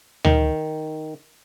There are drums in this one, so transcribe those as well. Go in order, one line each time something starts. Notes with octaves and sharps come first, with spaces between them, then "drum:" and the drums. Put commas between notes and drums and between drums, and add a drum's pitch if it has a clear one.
D#3, drum: tom D2